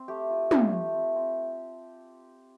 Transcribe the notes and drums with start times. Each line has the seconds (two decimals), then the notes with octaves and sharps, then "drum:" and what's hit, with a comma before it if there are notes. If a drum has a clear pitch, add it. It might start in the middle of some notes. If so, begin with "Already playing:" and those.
Already playing: C4
0.08 A3 G4
0.30 F4
0.51 F4 G4, drum: tom
0.73 A3
0.95 C4
1.16 C4